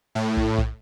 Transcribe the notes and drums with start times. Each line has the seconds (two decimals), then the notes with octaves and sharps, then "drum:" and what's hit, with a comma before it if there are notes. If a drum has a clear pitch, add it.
0.15 A2
0.37 drum: kick
0.58 drum: kick